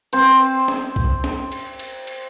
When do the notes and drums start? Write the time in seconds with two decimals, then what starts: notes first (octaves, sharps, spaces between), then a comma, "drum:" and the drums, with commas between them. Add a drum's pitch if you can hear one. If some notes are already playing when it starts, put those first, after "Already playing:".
0.13 C4 C5, drum: cymbal
0.68 drum: snare
0.96 drum: kick
1.24 drum: snare
1.52 drum: cymbal
1.79 drum: cymbal
2.07 drum: cymbal